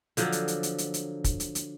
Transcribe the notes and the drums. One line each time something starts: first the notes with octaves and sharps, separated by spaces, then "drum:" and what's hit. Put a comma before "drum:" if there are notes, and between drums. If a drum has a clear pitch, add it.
D3 F3 F#3 A4, drum: hi-hat
drum: hi-hat
drum: hi-hat
drum: hi-hat
drum: hi-hat
drum: hi-hat
drum: kick, hi-hat
drum: hi-hat
drum: hi-hat